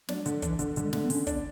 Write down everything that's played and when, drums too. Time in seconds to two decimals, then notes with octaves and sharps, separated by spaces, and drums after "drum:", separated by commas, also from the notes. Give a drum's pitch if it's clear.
0.08 F#3 D4, drum: snare
0.26 D3, drum: hi-hat
0.42 E3 D4, drum: kick, hi-hat
0.59 D3, drum: hi-hat
0.76 D3 F#3, drum: hi-hat
0.84 G#3
0.93 D3 A3, drum: snare
1.02 B3
1.10 D3 C#4, drum: open hi-hat
1.27 D4, drum: kick, hi-hat